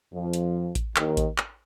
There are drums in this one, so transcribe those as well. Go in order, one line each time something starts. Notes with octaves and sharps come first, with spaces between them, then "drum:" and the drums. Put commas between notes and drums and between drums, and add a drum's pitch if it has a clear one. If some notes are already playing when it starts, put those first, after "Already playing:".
F2 F3
drum: hi-hat
drum: kick A1, hi-hat
D#2 D#3, drum: clap
drum: kick A1, hi-hat
drum: clap